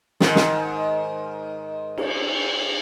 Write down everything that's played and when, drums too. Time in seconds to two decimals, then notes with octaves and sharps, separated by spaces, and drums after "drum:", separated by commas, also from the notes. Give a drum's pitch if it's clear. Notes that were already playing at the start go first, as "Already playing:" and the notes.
0.20 G#2 D#3, drum: snare
0.36 drum: snare
1.98 drum: cymbal